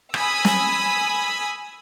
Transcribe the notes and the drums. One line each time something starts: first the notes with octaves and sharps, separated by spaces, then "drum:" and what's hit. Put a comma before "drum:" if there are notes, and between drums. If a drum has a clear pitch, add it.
G#5 B5 D#6 E6, drum: rim click
drum: snare